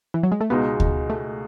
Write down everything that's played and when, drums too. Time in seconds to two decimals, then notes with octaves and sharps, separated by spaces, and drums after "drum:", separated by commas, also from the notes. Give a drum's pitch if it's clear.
0.14 E3
0.23 F#3
0.32 G#3
0.41 A3
0.50 C#2 B2 G#3 B3 D#4
0.80 drum: kick D2
1.10 A3